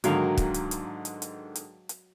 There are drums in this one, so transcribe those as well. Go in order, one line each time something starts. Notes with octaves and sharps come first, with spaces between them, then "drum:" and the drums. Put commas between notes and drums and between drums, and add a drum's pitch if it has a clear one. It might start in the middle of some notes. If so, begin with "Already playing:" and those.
G#2 D3 D#3 F#3 A#4 F5, drum: hi-hat
drum: kick, hi-hat
drum: hi-hat
drum: hi-hat
drum: hi-hat
drum: hi-hat
drum: hi-hat
drum: hi-hat